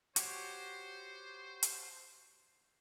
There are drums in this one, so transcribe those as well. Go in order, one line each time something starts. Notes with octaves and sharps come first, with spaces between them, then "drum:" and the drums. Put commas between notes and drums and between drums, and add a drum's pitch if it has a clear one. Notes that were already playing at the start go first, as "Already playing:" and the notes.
F#4 G4 C5 C#5, drum: hi-hat
drum: hi-hat